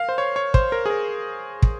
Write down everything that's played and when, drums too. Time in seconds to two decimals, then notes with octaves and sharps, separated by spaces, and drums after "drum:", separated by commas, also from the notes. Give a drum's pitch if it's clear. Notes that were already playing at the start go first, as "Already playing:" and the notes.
Already playing: A#4 F5
0.09 C5
0.18 C#5
0.36 C#5
0.54 C5, drum: kick
0.72 A#4
0.86 G#4
0.90 A#4
1.63 drum: kick